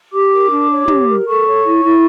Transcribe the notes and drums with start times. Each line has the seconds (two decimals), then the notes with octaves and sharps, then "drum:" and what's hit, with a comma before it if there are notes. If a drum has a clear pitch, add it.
0.12 G4 D6
0.31 A#4
0.51 D4
0.69 C#5
0.88 G4, drum: tom
1.07 A#4
1.26 A4 C#6
1.46 C#5
1.64 E4
1.83 E4